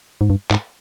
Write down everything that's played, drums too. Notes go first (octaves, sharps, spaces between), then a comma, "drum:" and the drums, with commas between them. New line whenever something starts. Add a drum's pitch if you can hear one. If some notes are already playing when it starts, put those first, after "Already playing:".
G#2
G2
G#2, drum: clap